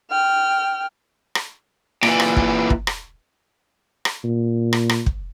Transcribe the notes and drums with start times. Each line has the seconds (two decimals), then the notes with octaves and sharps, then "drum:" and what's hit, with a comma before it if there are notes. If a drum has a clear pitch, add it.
0.11 G5 F6
1.35 drum: rim click
2.03 A#2 E3, drum: rim click
2.20 drum: rim click
2.36 drum: kick
2.70 drum: kick
2.87 drum: rim click
4.05 drum: rim click
4.24 A#2
4.73 drum: rim click
4.89 drum: rim click
5.06 drum: kick